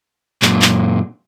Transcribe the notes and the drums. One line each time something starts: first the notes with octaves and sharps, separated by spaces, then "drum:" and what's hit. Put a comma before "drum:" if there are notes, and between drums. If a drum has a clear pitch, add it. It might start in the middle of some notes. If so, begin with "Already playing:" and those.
F#2 A#2, drum: clap
drum: clap